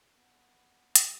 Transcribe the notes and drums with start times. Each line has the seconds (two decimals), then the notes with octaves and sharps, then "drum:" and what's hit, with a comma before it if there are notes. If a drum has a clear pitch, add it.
0.16 B3
0.95 G3, drum: hi-hat